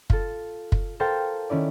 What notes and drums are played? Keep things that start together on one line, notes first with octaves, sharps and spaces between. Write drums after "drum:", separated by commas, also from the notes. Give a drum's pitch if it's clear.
F4 A4, drum: kick
drum: kick
A4 A#4 C5 F5 G5 A5
D#3 C#4 E4 D5